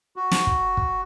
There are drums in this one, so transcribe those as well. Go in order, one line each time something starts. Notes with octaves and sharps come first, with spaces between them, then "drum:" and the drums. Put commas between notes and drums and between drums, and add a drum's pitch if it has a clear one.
F#4
drum: snare
drum: kick
drum: kick